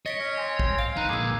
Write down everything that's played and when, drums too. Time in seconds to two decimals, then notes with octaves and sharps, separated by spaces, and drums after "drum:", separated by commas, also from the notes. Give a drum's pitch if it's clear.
0.06 C#5 D#5 A6 B6 D7
0.20 C#4 D#5
0.37 C4 G#5
0.59 drum: kick
0.79 F5 G#5 C6 D7
0.97 D#4 B4 A#5
1.09 F2 A#2 G#4 D6 E6